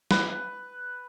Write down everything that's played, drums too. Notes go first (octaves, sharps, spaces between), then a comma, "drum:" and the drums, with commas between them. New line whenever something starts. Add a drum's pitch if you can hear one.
B4, drum: snare